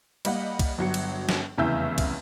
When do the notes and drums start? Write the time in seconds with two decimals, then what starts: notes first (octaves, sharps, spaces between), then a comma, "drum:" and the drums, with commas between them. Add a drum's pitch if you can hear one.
0.25 G3 A#3 D#5 F#5, drum: cymbal
0.59 drum: kick C2, cymbal
0.78 G1 F#3 C#7
0.94 drum: cymbal
1.29 drum: snare
1.58 F1 E2 C#3 E5 E6 G6
1.98 drum: kick C2, cymbal